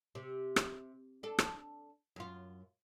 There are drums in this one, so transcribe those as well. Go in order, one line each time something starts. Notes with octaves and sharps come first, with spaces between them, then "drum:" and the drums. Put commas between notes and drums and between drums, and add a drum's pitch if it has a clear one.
C3
drum: rim click
D4 A4
drum: rim click
F#2 F4